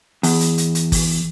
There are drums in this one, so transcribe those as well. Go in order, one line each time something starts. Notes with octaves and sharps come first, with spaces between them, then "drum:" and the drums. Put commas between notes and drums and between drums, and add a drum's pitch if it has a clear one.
E2, drum: open hi-hat
drum: hi-hat
drum: hi-hat
drum: hi-hat
drum: kick, open hi-hat